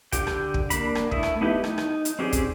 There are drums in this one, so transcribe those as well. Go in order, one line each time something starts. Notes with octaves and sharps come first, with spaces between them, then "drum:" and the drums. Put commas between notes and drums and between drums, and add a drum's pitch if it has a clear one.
D3 G4 G5, drum: kick, hi-hat
drum: rim click
drum: kick
A#3 D4 B5, drum: hi-hat
drum: rim click
A3 E4 E5 D#6, drum: kick
drum: rim click
A3 B3 D#4 E4 G4
D#4, drum: rim click
drum: rim click
drum: hi-hat
C4 C#4 G4 G#4 D5
drum: kick, hi-hat